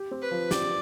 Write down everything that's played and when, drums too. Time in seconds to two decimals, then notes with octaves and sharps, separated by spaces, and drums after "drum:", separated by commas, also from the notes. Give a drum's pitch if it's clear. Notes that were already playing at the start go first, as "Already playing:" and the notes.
Already playing: G4
0.11 C4
0.22 B4
0.31 F3
0.51 G4 D5, drum: snare